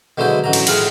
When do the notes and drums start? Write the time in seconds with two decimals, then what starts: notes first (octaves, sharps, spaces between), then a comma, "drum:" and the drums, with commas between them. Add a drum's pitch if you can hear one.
0.18 B2 D3 F#3 G#3 E4 C5
0.44 A1 F#3 A#5
0.53 drum: cymbal
0.67 A2 F4 G#4 F5 F#5 B5, drum: cymbal